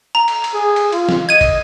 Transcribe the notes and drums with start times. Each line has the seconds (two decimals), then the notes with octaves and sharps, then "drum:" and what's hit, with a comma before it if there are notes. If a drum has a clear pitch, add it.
0.15 A#5
0.28 drum: cymbal
0.44 drum: cymbal
0.54 G#4
0.76 drum: cymbal
0.92 F4, drum: cymbal
1.09 drum: snare
1.29 D#5 G#6 D#7
1.41 drum: kick, cymbal